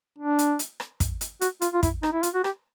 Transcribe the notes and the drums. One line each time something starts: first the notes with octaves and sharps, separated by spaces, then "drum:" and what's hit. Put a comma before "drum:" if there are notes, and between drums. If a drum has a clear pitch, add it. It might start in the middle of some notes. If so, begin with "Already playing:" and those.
D4
drum: hi-hat
drum: hi-hat
drum: rim click
drum: kick, hi-hat
drum: hi-hat
F#4, drum: hi-hat
F4, drum: hi-hat
F4
E4, drum: kick, hi-hat
D#4, drum: rim click
E4
F4, drum: hi-hat
F#4
G4, drum: rim click